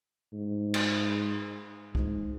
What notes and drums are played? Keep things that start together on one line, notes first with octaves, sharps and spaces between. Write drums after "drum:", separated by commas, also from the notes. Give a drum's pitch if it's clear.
G#2
drum: cymbal
G#2, drum: kick C2